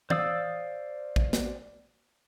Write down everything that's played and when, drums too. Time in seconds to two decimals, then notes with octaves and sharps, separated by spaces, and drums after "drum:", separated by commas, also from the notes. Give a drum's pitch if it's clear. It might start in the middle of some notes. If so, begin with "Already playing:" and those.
0.10 C5 D5 F5 D#6 E6, drum: tom E3
1.16 drum: kick A1
1.33 drum: snare